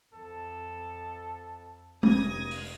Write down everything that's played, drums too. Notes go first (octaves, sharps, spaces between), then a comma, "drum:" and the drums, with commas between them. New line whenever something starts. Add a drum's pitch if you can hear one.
F2 A4
F1 D#6 G#6 A#6, drum: tom
drum: open hi-hat